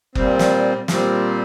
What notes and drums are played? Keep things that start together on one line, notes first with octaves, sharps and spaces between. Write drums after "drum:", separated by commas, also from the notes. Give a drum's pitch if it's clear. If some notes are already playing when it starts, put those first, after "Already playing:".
A#2 G3 C4, drum: kick F#1
drum: snare
A#2 G3 C4, drum: snare